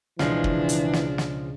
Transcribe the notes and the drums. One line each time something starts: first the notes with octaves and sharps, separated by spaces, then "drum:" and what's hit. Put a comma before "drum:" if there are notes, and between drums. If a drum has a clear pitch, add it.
C#2 B2 E3 F3 G#3 D4, drum: snare
drum: kick
drum: hi-hat
drum: snare
drum: snare